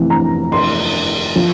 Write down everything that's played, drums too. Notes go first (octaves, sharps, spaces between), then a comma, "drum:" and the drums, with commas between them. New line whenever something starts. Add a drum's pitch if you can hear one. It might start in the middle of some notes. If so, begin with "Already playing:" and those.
Already playing: F1 F2 E3
A#5
C6, drum: cymbal
F3